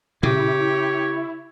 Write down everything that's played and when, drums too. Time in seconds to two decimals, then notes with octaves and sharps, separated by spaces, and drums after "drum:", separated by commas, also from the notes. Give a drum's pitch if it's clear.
0.23 C#3 E4 G4 C#5, drum: tom A#2